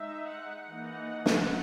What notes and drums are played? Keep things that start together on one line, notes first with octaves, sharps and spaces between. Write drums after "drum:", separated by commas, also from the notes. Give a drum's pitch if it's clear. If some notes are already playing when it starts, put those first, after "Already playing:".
Already playing: G#3 D#4 E5
F#5
E3 A#3 D#4 F#5
drum: snare